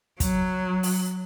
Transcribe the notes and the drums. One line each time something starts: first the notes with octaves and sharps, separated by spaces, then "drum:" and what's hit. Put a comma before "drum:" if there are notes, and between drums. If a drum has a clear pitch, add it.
F#3, drum: kick, hi-hat
drum: open hi-hat